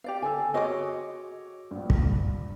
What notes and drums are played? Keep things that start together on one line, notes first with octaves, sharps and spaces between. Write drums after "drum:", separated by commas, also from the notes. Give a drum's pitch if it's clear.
G4 D5 F5
D3 A4 G#5 E6
F#4 G#4 C#5 D#5 D6
A#1 G2
drum: kick
G2